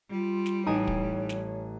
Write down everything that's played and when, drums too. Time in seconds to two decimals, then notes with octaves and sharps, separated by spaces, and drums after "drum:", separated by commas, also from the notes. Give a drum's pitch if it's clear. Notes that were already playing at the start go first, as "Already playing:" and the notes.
0.10 G3 F4
0.46 drum: snare
0.67 A1 D#4 C#5 G#5 D#6
0.87 drum: kick
1.29 drum: snare